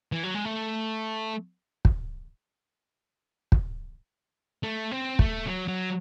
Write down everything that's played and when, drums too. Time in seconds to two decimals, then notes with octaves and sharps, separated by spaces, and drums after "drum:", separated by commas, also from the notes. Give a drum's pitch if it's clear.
0.12 E3
0.23 F#3
0.34 G#3
0.45 A3
1.85 drum: kick
3.52 drum: kick
4.63 A3
4.91 C4
5.19 A3, drum: kick
5.47 F#3
5.68 F#3